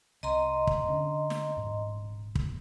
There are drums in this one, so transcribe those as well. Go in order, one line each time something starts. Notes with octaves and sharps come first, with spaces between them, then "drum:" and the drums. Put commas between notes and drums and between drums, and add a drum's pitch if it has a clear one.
C2 D#5 A#5 C6
drum: kick
D3 C4 C#4
drum: snare
D#1 G#2
drum: kick